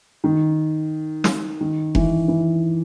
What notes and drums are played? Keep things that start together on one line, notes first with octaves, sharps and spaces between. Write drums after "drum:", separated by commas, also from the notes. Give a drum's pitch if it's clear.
D#3
drum: snare
D#3
E3, drum: kick F1
E3